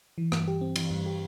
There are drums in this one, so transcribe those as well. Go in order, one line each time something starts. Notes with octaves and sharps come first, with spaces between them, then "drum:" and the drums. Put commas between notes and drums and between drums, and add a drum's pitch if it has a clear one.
E3
G2, drum: rim click
G4
C4
E3, drum: cymbal
G2
G4